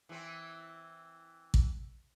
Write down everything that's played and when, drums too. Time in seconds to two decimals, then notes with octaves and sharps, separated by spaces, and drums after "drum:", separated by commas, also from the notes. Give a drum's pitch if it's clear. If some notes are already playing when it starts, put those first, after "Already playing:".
0.09 E3 C4
1.54 drum: kick